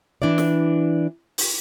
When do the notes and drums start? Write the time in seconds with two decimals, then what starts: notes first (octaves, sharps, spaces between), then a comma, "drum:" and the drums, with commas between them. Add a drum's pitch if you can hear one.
0.22 E3 D4 E4 D5
0.38 drum: snare
1.38 drum: open hi-hat